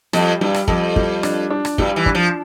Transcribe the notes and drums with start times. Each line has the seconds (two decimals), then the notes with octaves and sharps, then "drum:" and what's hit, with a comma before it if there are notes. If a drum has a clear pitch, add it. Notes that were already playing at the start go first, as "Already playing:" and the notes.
0.13 F2 G3, drum: rim click
0.41 G2 G3
0.54 drum: rim click
0.68 F2 A4, drum: kick
0.96 G3, drum: kick
1.23 D4, drum: rim click
1.50 D4
1.65 drum: rim click
1.78 G2 G3, drum: kick
1.96 E3
2.06 D4, drum: kick
2.15 F3